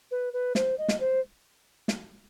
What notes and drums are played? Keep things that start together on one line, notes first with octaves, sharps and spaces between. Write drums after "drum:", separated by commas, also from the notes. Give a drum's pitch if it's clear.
B4
B4
C5, drum: snare
D#5
drum: snare
C5
drum: snare